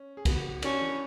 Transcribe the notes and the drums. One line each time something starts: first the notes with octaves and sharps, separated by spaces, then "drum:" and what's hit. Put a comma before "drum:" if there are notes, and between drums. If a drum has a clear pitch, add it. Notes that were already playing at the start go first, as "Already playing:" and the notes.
Already playing: C#4
G#4
B3 F#4, drum: kick, cymbal
C#4 D4, drum: cymbal
E3